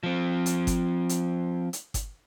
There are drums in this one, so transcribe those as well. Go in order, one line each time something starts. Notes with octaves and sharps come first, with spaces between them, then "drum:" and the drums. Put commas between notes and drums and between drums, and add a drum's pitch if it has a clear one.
F3 C4
drum: hi-hat
drum: kick G1, hi-hat
drum: hi-hat
drum: hi-hat
drum: kick G1, hi-hat